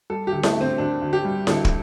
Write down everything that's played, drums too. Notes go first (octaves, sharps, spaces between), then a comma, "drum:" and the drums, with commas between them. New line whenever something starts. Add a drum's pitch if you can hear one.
G3 A4
G4
D2
A3, drum: snare E4
D3 C4
D2 D4
D2
G4
G3
D2 A4, drum: snare E4
drum: kick